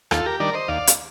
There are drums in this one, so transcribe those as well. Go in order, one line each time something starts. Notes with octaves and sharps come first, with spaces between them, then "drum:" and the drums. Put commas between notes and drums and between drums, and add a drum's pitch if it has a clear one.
D#2 F4 A4, drum: rim click
G4 A#4
D#3 G3 D4 A#4 D5
C5 D#5
D#2 D5 F5
drum: hi-hat